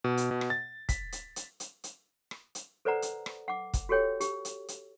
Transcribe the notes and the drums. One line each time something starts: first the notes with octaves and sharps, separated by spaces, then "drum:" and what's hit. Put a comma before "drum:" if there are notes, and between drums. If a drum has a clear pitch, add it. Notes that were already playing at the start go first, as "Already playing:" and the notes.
B2
drum: hi-hat
B2
drum: rim click
A6
B6, drum: kick, hi-hat
drum: hi-hat
drum: hi-hat
drum: hi-hat
drum: hi-hat
drum: rim click
drum: hi-hat
A4 B4 C5 D5 F#5 A#5
drum: hi-hat
drum: rim click
F#5 D6
drum: kick, hi-hat
F#4 G4 A4 C#5 G5
G4, drum: hi-hat
drum: hi-hat
drum: hi-hat